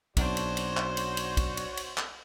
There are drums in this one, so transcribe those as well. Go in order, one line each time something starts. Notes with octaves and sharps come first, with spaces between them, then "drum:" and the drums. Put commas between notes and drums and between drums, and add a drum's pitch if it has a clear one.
B1 C4 D4 E4 F#4 C5 C#5, drum: kick, cymbal
drum: cymbal
drum: cymbal
drum: clap
drum: cymbal
drum: cymbal
drum: kick, cymbal
drum: cymbal
drum: cymbal
drum: clap